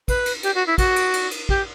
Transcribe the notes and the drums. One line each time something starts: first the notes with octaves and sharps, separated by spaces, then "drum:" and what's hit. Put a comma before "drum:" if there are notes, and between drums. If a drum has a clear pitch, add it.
B4, drum: kick, cymbal
drum: cymbal
G4, drum: cymbal
F#4
E4
F#4, drum: kick, cymbal
drum: cymbal
drum: cymbal
drum: cymbal
G4, drum: kick